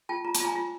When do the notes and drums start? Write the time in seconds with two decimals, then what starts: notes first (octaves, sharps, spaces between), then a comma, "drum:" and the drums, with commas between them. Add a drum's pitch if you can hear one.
0.09 F4 G5 A5
0.24 F4 A#5
0.35 A5, drum: hi-hat
0.40 F4 G#5 A#5
0.56 F4